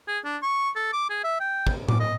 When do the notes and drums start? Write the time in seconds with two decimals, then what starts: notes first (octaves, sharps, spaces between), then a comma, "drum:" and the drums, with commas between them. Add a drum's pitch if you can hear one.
0.08 G#4
0.25 D4
0.43 C#6
0.76 A4
0.93 D6
1.10 G#4
1.24 E5
1.40 G5
1.67 drum: kick
1.88 D6, drum: tom A2
2.00 D#5